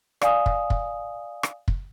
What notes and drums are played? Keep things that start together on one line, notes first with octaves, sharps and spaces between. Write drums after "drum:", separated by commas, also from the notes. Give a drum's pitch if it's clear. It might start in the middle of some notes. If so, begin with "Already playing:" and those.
D5 F5 G#5 D#6, drum: rim click
drum: kick
drum: kick
drum: rim click
drum: kick